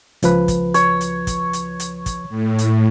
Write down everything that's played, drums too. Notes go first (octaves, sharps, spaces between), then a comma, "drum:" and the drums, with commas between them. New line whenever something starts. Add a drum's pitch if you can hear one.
C#2 F3 B4, drum: hi-hat
drum: kick, hi-hat
C#5, drum: hi-hat
drum: hi-hat
drum: kick, hi-hat
drum: hi-hat
drum: hi-hat
drum: kick, hi-hat
A2
drum: hi-hat